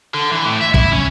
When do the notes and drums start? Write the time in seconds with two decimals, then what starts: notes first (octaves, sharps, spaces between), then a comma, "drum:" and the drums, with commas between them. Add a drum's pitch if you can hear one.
0.14 D3
0.33 E3
0.46 A2
0.62 E5
0.74 E4, drum: kick
0.93 C#4